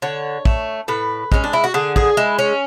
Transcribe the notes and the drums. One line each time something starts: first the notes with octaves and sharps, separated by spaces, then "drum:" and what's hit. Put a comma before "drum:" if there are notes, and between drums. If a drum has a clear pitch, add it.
D3 C#5
A3, drum: kick
A2 B4
G#3 C#4, drum: kick
D4
E4
F#4
D3 G#4
G#4, drum: kick
G#3 E4
C#4